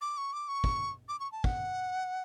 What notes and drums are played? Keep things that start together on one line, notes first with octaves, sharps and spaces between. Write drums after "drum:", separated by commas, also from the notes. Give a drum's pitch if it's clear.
D6
C#6
D6
C#6
drum: kick
D6
C#6
A5
F#5, drum: kick